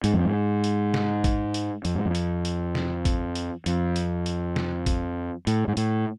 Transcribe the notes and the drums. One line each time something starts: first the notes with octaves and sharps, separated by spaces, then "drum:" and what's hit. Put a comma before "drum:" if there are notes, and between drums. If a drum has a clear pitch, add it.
G#2, drum: hi-hat
F2
G#2
drum: hi-hat
drum: snare
drum: kick A1, hi-hat
drum: hi-hat
F2, drum: hi-hat
G#2
F2
drum: hi-hat
drum: hi-hat
drum: snare
drum: kick A1, hi-hat
drum: hi-hat
F2, drum: hi-hat
drum: hi-hat
drum: hi-hat
drum: snare
drum: kick A1, hi-hat
A2, drum: hi-hat
G#2
A2, drum: hi-hat